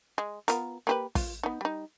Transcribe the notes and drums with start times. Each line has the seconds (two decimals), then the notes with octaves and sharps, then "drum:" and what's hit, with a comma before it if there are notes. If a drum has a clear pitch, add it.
0.18 G#3
0.48 B3 F4 A#4, drum: hi-hat
0.87 A#3 G4 B4
1.15 F4, drum: kick, open hi-hat
1.43 B3 D#4
1.61 G3 D#4